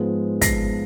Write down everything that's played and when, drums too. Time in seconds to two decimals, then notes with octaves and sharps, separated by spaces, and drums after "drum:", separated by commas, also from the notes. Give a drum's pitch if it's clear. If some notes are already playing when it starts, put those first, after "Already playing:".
Already playing: G#2 F3 G#3 B3
0.41 A#6 C7, drum: kick, hi-hat